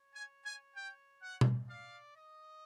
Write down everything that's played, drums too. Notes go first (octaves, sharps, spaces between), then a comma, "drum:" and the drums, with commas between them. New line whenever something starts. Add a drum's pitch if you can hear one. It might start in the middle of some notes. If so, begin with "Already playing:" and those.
Already playing: C#5
G#5
G#5
G5
F#5
drum: tom B2
D5 F5
D#5